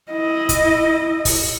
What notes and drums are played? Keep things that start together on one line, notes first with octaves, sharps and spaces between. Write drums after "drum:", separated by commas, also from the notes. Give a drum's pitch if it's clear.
E4 D#5
drum: kick, hi-hat
drum: kick, open hi-hat